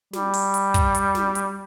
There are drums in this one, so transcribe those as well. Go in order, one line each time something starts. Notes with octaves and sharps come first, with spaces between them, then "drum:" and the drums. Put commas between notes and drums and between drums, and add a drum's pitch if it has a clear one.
G3, drum: snare
drum: open hi-hat
drum: hi-hat
drum: kick, hi-hat
drum: hi-hat
drum: snare
drum: hi-hat